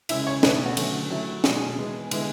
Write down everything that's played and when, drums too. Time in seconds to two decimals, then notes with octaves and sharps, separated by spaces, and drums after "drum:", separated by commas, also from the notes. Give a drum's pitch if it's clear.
0.09 C#3 G#3 C#4 E4 E5, drum: cymbal
0.27 C#5
0.43 B2 A3 D4 B4, drum: snare
0.66 F#4
0.77 D3 F#3 A3 C#4, drum: cymbal
1.10 F#3 A3 E4
1.44 B2 G#3 D4 F#4, drum: snare
1.56 G#4
1.67 G#4
1.78 E3 G#3 B3
2.11 D3 G#3 B3 E4, drum: cymbal